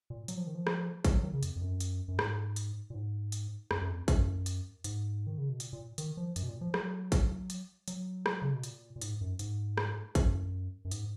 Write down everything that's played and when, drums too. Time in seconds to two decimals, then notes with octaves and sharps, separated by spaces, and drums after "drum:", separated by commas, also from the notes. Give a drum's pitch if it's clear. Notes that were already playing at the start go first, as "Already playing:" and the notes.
0.10 A#2
0.28 F#3, drum: hi-hat
0.37 F3
0.47 D#3
0.55 F3
0.67 drum: rim click
1.05 G#3, drum: kick, hi-hat
1.14 F#3
1.23 D#3
1.33 C#3
1.43 F2, drum: hi-hat
1.56 F2
1.62 F#2
1.80 drum: hi-hat
2.08 F#2
2.19 G#2, drum: rim click
2.56 drum: hi-hat
2.90 A#2
2.94 G#2
3.32 drum: hi-hat
3.71 F#2, drum: rim click
3.82 F#2
3.89 F2
4.08 F#2, drum: kick, hi-hat
4.46 drum: hi-hat
4.84 G#2, drum: hi-hat
5.27 D#3
5.38 C#3
5.49 B2
5.60 A#2, drum: hi-hat
5.73 A#2
5.98 D#3, drum: hi-hat
6.17 F3
6.36 F#2, drum: hi-hat
6.43 B2
6.48 A#2
6.61 F3
6.74 F#3, drum: rim click
7.12 drum: kick, hi-hat
7.50 drum: hi-hat
7.88 F#3, drum: hi-hat
8.26 drum: rim click
8.42 C#3
8.53 B2
8.64 A#2, drum: hi-hat
8.96 A#2
9.02 G#2, drum: hi-hat
9.21 F#2
9.39 G#2, drum: hi-hat
9.78 drum: rim click
10.15 F#2, drum: kick, hi-hat
10.85 F#2
10.91 G#2, drum: hi-hat